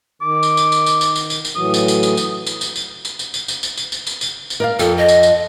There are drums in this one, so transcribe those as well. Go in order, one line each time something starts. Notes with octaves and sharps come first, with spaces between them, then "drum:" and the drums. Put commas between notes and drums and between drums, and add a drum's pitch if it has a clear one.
D#3 D6
drum: tambourine
drum: tambourine
drum: tambourine
drum: tambourine
drum: tambourine
drum: tambourine
drum: tambourine
drum: tambourine
A2 E3 F#3 D#6
drum: tambourine
drum: tambourine
drum: tambourine
drum: tambourine
drum: tambourine
drum: tambourine
drum: tambourine
drum: tambourine
drum: tambourine
drum: tambourine
drum: tambourine
drum: tambourine
drum: tambourine
drum: tambourine
drum: tambourine
drum: tambourine
drum: tambourine
A#4 D5 F5
F2 A4, drum: tambourine
D#5
drum: tambourine
drum: tambourine